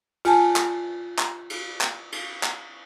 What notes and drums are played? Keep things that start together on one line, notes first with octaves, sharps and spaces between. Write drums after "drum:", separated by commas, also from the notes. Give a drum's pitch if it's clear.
F4 G#5 A5, drum: cymbal
drum: clap
drum: clap
drum: cymbal
drum: clap
drum: cymbal
drum: clap